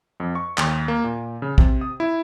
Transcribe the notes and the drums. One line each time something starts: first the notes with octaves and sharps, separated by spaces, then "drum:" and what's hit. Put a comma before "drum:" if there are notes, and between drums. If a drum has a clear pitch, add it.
F2
C#6
D#2, drum: clap
A#3
A#2
C#3
C3, drum: kick
D#6
E4